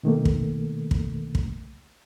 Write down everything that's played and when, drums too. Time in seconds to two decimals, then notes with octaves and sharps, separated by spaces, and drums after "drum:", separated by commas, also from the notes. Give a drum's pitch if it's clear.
0.03 B2 D#3 A3 A#3
0.25 drum: kick
0.91 drum: kick
1.35 drum: kick